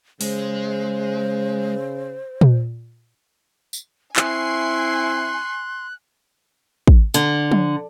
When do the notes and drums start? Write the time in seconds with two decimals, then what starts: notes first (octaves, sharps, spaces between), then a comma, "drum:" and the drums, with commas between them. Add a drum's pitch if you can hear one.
0.21 C#3 G#3 C5, drum: open hi-hat
2.41 drum: tom A#2
3.73 drum: tambourine
4.16 C4 E4 G#5 C6 C#6 F#6 C7, drum: clap
6.87 drum: kick
7.14 D3, drum: hi-hat
7.52 drum: tom F3